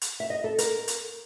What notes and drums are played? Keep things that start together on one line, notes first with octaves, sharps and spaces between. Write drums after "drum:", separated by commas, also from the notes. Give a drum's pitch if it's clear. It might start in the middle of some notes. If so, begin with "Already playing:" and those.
drum: hi-hat
E5
D#5
A4
A#4, drum: hi-hat
drum: hi-hat